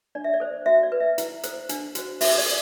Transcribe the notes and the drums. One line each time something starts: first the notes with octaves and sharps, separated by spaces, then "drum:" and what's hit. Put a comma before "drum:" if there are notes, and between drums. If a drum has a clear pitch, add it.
D4 D5
E5
D5
A4 C5
F#4 E5
D5
B4
E5
E4, drum: hi-hat
A4 C5, drum: hi-hat
D4, drum: hi-hat
F#4 C5, drum: hi-hat
F#4 E5, drum: open hi-hat
D5
A4